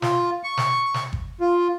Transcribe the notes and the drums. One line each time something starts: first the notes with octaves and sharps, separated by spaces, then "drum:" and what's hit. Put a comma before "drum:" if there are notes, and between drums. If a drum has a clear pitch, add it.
F4, drum: snare
C#6
drum: snare
drum: snare
drum: kick G1
F4